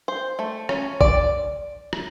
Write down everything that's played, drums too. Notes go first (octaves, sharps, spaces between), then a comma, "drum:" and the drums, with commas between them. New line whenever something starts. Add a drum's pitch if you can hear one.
C5
A3
C#4, drum: rim click
D5, drum: kick A#1
drum: rim click